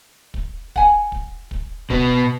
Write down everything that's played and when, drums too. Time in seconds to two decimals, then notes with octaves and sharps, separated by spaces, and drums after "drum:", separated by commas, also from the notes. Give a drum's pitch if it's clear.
0.34 drum: kick
0.76 F#5 G#5, drum: kick
1.12 drum: kick
1.51 drum: kick
1.90 B2 B3, drum: kick